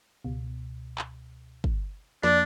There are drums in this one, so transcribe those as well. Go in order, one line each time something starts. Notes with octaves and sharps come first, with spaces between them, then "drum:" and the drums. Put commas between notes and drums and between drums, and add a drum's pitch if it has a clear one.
C#2 B2
drum: clap
drum: kick
F2 F3 A#3 D4 D5, drum: snare